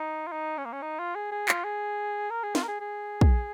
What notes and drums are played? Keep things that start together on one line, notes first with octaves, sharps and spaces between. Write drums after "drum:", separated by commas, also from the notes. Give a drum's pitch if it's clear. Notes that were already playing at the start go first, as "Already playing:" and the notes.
Already playing: D#4
F4
D#4
C#4
A#3
C#4
D#4
F4
G#4
G#4
F4, drum: clap
G#4
A#4
G#4
F4, drum: snare
A#4
G#4
G#4
drum: kick